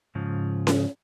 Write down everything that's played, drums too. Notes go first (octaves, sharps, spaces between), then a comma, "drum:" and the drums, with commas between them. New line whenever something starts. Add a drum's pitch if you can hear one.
G#2 C#3 F3
drum: snare C#4